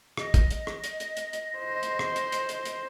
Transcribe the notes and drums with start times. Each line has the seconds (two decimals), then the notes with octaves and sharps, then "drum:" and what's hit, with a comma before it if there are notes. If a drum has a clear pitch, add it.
0.17 D#5, drum: rim click
0.34 drum: kick, hi-hat
0.51 drum: hi-hat
0.67 drum: rim click
0.84 drum: hi-hat
1.00 drum: hi-hat
1.17 drum: hi-hat
1.33 drum: hi-hat
1.58 C5
1.83 drum: hi-hat
1.99 drum: rim click
2.16 drum: hi-hat
2.32 drum: hi-hat
2.49 drum: hi-hat
2.65 drum: hi-hat